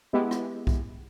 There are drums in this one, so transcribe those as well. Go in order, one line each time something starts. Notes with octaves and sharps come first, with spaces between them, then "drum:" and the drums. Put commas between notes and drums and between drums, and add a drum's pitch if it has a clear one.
G#3 B3 E4 G4
drum: rim click
drum: kick B1